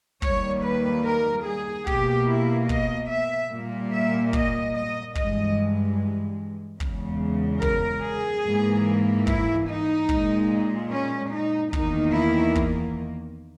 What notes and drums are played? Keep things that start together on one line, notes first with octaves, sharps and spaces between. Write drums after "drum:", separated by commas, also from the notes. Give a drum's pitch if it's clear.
D#2 D#3 G3 A#3 C#5, drum: kick
B4
A#4
G#4
B2 A#3 G4, drum: kick
E4
D#5, drum: kick
E5
A#2 G3 A#3
E5
D#5, drum: kick
D#5
G2 E3 G#3 D#5, drum: kick
E2 C#3 G#3, drum: kick
A#4, drum: kick
G#4
G#2 E3 A#3
E4, drum: kick
D#4
A#2 G#3, drum: kick
C#4
D#4
E2 D#3 A#3 D#4, drum: kick
E4
drum: kick